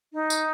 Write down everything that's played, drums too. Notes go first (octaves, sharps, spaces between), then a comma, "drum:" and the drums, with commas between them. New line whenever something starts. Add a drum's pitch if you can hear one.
D#4
drum: tambourine